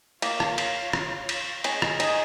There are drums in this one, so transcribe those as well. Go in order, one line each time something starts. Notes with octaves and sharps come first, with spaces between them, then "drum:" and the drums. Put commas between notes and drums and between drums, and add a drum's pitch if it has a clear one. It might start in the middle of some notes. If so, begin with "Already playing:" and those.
A#3 F4 C#5 F5, drum: cymbal
drum: rim click
drum: cymbal
drum: rim click
drum: cymbal
C#4 G#4 D#5 G#5, drum: cymbal
drum: rim click
D#4, drum: cymbal